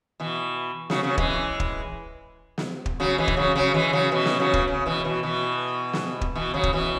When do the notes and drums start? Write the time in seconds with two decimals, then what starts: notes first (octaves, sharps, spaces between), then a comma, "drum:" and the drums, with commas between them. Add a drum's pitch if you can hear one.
0.20 B2 E3
0.90 C#3 F#3, drum: snare
1.03 C#3 F#3
1.18 E3 G#3, drum: kick
1.60 drum: kick
2.58 drum: snare
2.86 drum: kick
3.00 C#3 F#3
3.18 E3 G#3
3.28 drum: kick
3.37 C#3 F#3
3.56 C#3 F#3
3.74 E3 G#3
3.93 C#3 F#3
4.11 B2 E3
4.26 drum: snare
4.40 C#3 F#3
4.54 drum: kick
4.68 C#3
4.86 B2 E3
5.04 B2 E3
5.23 B2 E3
5.93 drum: snare
6.21 drum: kick
6.35 B2 E3
6.54 C#3 F#3
6.63 drum: kick
6.73 B2 E3